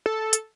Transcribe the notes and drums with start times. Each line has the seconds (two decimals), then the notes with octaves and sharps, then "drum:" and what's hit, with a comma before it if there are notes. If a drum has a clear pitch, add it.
0.06 A4
0.33 drum: hi-hat